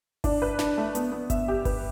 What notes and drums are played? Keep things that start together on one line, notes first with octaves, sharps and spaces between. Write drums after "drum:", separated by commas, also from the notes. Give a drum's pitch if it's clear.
D4, drum: kick G1, open hi-hat
B4
D4, drum: snare
A3
B3, drum: hi-hat
B3
E5, drum: kick G1, hi-hat
G4
B4, drum: kick G1, open hi-hat